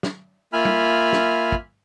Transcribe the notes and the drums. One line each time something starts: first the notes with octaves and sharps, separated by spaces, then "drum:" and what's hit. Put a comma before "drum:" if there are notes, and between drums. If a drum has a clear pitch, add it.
drum: snare
A#3 F4 E5 G#5 B5 F6
drum: tom
drum: snare
drum: kick